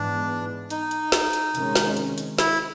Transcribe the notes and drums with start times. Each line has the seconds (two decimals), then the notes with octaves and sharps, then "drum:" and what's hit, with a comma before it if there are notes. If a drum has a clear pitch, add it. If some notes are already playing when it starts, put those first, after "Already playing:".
Already playing: G#2 E3 G#3 B3 D4
0.70 D#4, drum: hi-hat
0.91 drum: hi-hat
1.12 drum: snare
1.33 drum: hi-hat
1.55 C3 D#3 G#3 C#4, drum: hi-hat
1.75 drum: snare
1.97 drum: hi-hat
2.18 drum: hi-hat
2.38 E4, drum: snare